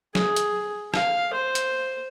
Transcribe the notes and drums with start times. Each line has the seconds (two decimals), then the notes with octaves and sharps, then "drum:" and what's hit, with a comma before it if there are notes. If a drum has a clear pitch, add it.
0.15 G#4, drum: snare
0.36 drum: hi-hat
0.94 F5, drum: rim click
1.34 C5
1.55 drum: hi-hat